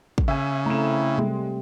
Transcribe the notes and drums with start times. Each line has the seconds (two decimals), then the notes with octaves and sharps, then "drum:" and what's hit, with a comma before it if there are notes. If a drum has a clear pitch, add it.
0.18 drum: kick
0.28 C#3 E5 G#5
0.66 A3 C4 E4 A#5 E7
1.18 C3 G3 G#3